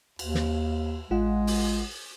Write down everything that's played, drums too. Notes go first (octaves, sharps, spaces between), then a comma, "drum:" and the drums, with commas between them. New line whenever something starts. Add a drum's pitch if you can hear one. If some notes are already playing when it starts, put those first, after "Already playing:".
D#2, drum: cymbal
drum: snare
A1 G#3 F4 F#5
drum: open hi-hat